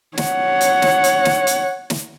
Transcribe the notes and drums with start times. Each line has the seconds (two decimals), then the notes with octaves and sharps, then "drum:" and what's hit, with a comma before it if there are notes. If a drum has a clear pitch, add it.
0.18 C#5 F#5, drum: snare
0.61 drum: hi-hat
0.82 drum: snare
1.04 drum: hi-hat
1.25 drum: snare
1.47 drum: hi-hat
1.90 drum: snare